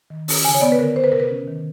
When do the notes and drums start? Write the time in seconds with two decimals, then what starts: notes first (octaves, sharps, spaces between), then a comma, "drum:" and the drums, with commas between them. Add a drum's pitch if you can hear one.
0.10 D#3
0.28 C#4, drum: open hi-hat
0.45 C#3 G#5
0.54 C#5
0.61 B3 D5
0.72 B4
0.79 D3 A#4
0.96 D3 C5
1.04 B4
1.12 C3 A#4
1.20 B4
1.31 C#4
1.48 D#3